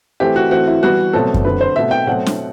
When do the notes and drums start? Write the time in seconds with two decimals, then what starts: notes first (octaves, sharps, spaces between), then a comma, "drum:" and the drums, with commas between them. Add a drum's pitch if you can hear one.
0.20 E3 A3 C4 G4
0.36 F#4
0.51 E3 A3 C4 F#4
0.67 E4
0.82 E3 G3 B3 F#4
1.13 B2 F#3 A3 C4 A4
1.34 drum: kick F#2
1.45 D3 F#3 C4 B4
1.61 C5
1.76 B2 A3 C4 E5
1.91 G5
2.07 B2 F#3 A3 C4 F#5
2.26 drum: snare